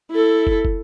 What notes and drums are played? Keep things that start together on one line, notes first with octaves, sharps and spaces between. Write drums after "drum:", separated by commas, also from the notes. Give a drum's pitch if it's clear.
E4 A4
drum: kick
drum: kick